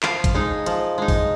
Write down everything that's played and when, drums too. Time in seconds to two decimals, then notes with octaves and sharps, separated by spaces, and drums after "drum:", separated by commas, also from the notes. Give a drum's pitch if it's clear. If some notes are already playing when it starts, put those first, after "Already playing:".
0.03 F3 F5, drum: clap
0.24 drum: kick, hi-hat
0.35 G#3 D#4
0.66 F3, drum: hi-hat
0.98 G#3 D#4
1.08 drum: kick, open hi-hat